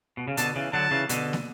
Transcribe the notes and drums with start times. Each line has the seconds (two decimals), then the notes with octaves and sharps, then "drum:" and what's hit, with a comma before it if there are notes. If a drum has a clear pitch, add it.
0.17 B2
0.28 C#3
0.37 B2 D3 A5, drum: hi-hat
0.56 C#3 E3
0.73 D3 F#3 A5
0.91 C#3 E3
1.09 B2 D3, drum: hi-hat
1.33 drum: snare